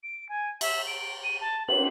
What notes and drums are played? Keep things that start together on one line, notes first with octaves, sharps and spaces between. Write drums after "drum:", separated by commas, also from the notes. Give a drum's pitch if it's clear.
D7
G#5
E5, drum: cymbal
D7
D#7
A5
F#7, drum: cymbal